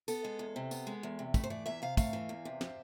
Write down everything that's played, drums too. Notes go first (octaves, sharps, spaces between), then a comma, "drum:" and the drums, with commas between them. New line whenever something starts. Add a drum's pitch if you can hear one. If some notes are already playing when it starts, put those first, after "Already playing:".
B3 A4, drum: tambourine
G#3
E2
C3
B3, drum: tambourine
G#3
E2
C3
A3 B4, drum: kick, tambourine
C5
E3 D5
E2 E5
C3 F5
A3 F5, drum: kick, tambourine
E3
E2
C3
C4, drum: snare